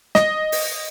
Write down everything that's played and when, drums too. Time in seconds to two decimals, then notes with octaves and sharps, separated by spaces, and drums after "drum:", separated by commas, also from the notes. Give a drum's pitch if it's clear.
0.15 D#5, drum: snare
0.52 drum: open hi-hat